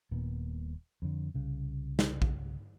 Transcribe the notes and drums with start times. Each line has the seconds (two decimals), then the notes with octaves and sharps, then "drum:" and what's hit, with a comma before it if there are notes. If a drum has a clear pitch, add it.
0.11 D#1 A#2 B3
1.02 F2 D3
1.34 C2 C#3
1.99 drum: snare
2.22 drum: kick A#1